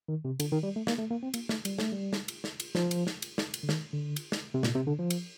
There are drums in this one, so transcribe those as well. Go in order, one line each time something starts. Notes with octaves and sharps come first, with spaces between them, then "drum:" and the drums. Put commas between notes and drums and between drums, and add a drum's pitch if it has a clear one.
D#3
C3
D3, drum: cymbal
D#3
G3
A3
A#3, drum: snare
A3
A#3
C4
A#3, drum: cymbal
A3, drum: snare
G3, drum: cymbal
A3, drum: snare
G3
drum: snare
drum: cymbal
drum: snare
drum: cymbal
F3, drum: snare
drum: cymbal
drum: snare
drum: cymbal
drum: snare
drum: cymbal
D3
D#3, drum: snare
D3
drum: cymbal
drum: snare
C3
A#2, drum: snare
C3
D3
F3
drum: cymbal